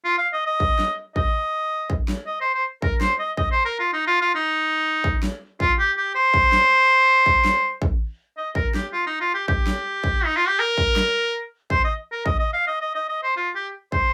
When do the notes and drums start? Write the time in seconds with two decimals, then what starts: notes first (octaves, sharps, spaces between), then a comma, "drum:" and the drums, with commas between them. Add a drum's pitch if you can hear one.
0.05 F4
0.18 F5
0.33 D#5
0.46 D#5
0.60 drum: kick
0.79 drum: snare
1.16 D#5, drum: kick
1.90 drum: kick
2.08 drum: snare
2.26 D#5
2.41 C5
2.54 C5
2.82 A#4, drum: kick
3.01 C5, drum: snare
3.19 D#5
3.37 D#5, drum: kick
3.51 C5
3.65 A#4
3.79 F4
3.93 D#4
4.07 F4
4.21 F4
4.35 D#4
5.04 drum: kick
5.23 drum: snare
5.60 F4, drum: kick
5.78 G4
5.97 G4
6.15 C5
6.34 drum: kick
6.52 drum: snare
7.26 drum: kick
7.45 drum: snare
7.82 drum: kick
8.37 D#5
8.55 A#4, drum: kick
8.74 G4, drum: snare
8.93 F4
9.06 D#4
9.20 F4
9.34 G4
9.48 G4, drum: kick
9.67 drum: snare
10.04 drum: kick
10.25 D#4
10.36 F4
10.48 G4
10.59 A#4
10.78 drum: kick
10.96 drum: snare
11.70 C5, drum: kick
11.84 D#5
12.12 A#4
12.26 D#5, drum: kick
12.39 D#5
12.53 F5
12.67 D#5
12.81 D#5
12.95 D#5
13.09 D#5
13.23 C5
13.37 F4
13.55 G4
13.92 C5, drum: kick